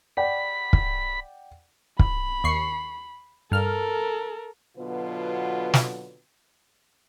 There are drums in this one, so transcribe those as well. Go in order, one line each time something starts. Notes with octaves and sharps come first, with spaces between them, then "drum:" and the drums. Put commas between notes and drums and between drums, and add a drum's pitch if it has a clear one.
D5 F#5 G5 B5
drum: kick
B5, drum: kick
D#2 C#6 C7
G2 A4 A#4 F6
B2 D3 F#3 B3 F4 B4
drum: snare